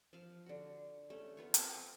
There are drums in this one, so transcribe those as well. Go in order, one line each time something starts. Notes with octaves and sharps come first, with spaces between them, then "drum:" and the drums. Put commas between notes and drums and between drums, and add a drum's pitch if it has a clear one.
F3 F5
D3 F#4
A3 C#4
B3 F4 C#5
C4, drum: hi-hat